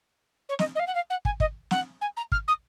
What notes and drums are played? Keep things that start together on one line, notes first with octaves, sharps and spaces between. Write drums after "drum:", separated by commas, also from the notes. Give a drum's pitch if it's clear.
C#5
D#5, drum: snare
D#5
F5
F#5
F5
F#5
G#5, drum: kick
D#5, drum: kick
F#5, drum: snare
G#5
A#5
F6, drum: kick
D#6